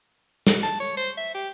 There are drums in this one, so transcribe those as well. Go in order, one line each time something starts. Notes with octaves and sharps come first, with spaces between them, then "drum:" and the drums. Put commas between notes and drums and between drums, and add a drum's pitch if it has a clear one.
drum: snare
A5
C#5
C5
E5
G4